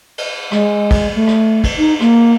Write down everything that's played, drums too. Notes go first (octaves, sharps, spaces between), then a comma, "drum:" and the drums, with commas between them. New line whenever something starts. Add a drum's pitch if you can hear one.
drum: cymbal
G#3, drum: rim click
drum: kick, cymbal
A3
drum: rim click
drum: kick, cymbal
D#4
A#3, drum: rim click